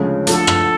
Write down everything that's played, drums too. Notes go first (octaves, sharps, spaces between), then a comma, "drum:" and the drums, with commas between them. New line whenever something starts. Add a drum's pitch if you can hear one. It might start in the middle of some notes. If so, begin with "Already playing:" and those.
Already playing: D2 C#3 F3 G#3 C#4
D2 D3 F3 A4, drum: hi-hat
drum: rim click